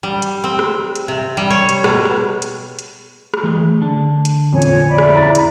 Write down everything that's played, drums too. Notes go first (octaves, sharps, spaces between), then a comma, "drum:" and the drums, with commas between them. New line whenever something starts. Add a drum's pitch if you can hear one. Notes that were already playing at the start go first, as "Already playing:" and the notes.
G3
drum: hi-hat
C4
drum: rim click
drum: hi-hat
C3
G3
C#5
drum: hi-hat
B2, drum: rim click
drum: rim click
drum: hi-hat
drum: hi-hat
drum: rim click
E3 A3 G#4
D3 D4 A5
drum: hi-hat
F2 A#2 C#5 G#5
drum: hi-hat
D5 E5 B5
drum: rim click
E4 A#5 A6
drum: hi-hat